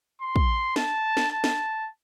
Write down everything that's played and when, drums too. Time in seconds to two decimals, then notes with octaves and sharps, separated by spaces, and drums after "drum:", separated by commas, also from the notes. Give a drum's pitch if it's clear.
0.22 C6
0.36 drum: kick
0.76 A5, drum: snare
1.17 drum: snare
1.30 A5
1.44 drum: snare